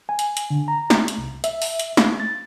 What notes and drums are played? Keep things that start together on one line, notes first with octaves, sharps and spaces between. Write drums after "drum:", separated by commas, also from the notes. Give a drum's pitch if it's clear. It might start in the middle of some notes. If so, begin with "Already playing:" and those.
G#5
drum: hi-hat
drum: hi-hat
D3
A#5
drum: snare
drum: hi-hat
C2
E5, drum: hi-hat
drum: open hi-hat
drum: hi-hat
drum: snare
A6